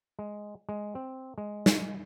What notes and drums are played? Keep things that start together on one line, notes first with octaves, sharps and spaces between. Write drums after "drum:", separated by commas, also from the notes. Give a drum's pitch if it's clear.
G#3
G#3
C4
G#3
drum: snare